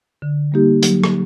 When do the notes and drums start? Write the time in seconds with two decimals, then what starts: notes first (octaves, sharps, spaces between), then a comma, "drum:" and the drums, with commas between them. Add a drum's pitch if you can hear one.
0.22 D3
0.52 G3 A#3 D#4 G4
0.83 F#3, drum: hi-hat
1.04 drum: rim click